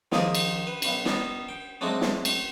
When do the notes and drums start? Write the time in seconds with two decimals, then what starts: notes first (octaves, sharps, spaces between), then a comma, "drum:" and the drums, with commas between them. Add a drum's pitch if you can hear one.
0.12 D#3 F3 D#4 G4 G#4, drum: snare
0.35 drum: cymbal
0.67 B4
0.82 B1 B5, drum: cymbal
1.05 G3 B3 D#4, drum: snare
1.49 G5
1.81 F#3 G#3 A3 C4 D4 F#4
2.01 drum: snare
2.25 drum: cymbal